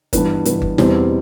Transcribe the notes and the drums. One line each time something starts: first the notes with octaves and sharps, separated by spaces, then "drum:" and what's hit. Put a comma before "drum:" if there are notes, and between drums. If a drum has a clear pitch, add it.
G2 E3 B3, drum: kick G1, hi-hat
G2 E3 B3, drum: hi-hat
drum: kick G1
E2 B2 G3 C4, drum: snare